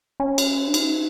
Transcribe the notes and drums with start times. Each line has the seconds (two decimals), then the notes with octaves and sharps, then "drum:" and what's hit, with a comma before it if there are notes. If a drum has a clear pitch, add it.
0.20 C#4
0.38 drum: cymbal
0.67 D4
0.74 D#4, drum: cymbal